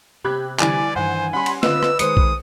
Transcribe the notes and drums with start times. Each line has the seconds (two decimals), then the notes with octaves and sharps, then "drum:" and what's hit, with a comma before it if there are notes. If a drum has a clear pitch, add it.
0.24 C3 C4 G4 B5 F#6 G#6
0.59 D3 E3 G3 D5 G#5, drum: clap
0.96 G2 D#3 E3 C5 F#5
1.33 G3 C#4 F#5 B5 C6
1.46 drum: cymbal
1.63 D3 C4 F4 B4 D#5 E6, drum: snare
1.83 drum: rim click
1.99 D#3 G#3 C5 D#6 C#7, drum: hi-hat
2.17 drum: kick B1